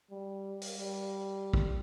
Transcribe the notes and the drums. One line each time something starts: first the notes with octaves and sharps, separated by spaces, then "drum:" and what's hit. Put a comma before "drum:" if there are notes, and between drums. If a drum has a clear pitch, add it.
G3
drum: open hi-hat
G3
drum: kick